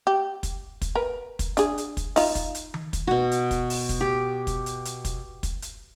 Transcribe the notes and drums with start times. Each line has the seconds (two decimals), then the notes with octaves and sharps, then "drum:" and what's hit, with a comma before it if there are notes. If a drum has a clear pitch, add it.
0.07 G4
0.43 drum: kick, hi-hat
0.81 drum: kick, hi-hat
0.95 A#4 B4
1.39 drum: kick, hi-hat
1.57 D4 G#4, drum: hi-hat
1.78 drum: hi-hat
1.97 drum: kick, hi-hat
2.16 D#4 F4, drum: open hi-hat
2.35 drum: kick, hi-hat
2.55 drum: hi-hat
2.74 drum: tom D#3
2.93 drum: kick, hi-hat
3.07 B2 F#4
3.31 drum: hi-hat
3.51 drum: kick, hi-hat
3.70 drum: open hi-hat
3.89 drum: kick, hi-hat
4.01 G4
4.47 drum: kick, hi-hat
4.66 drum: hi-hat
4.85 drum: hi-hat
5.05 drum: kick, hi-hat
5.43 drum: kick, hi-hat
5.62 drum: hi-hat